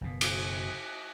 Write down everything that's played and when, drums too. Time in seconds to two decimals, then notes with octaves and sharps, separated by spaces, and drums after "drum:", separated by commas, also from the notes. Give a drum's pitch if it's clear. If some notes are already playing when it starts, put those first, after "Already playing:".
0.01 F#1 B2
0.21 drum: cymbal